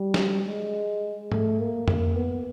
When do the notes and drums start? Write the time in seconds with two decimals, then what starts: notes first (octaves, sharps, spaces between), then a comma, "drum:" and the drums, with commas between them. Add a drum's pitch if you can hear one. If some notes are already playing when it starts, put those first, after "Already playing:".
Already playing: G3
0.14 drum: snare
0.47 G#3
1.32 A3, drum: tom G#2
1.59 A#3
1.88 A#3, drum: tom F2
2.16 B3